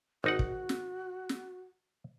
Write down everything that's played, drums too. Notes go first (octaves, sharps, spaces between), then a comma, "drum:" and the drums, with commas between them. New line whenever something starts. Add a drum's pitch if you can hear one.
G#1 D#4 F#4 F#5
drum: kick
drum: snare
drum: snare